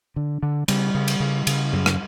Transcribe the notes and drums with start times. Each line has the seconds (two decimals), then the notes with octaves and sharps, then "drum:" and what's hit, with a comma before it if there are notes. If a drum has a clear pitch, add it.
0.16 D3
0.43 D3
0.68 C#3 G3, drum: cymbal
0.95 C#3
1.08 drum: cymbal
1.20 C#3
1.47 C#3, drum: cymbal
1.73 F#2
1.86 drum: rim click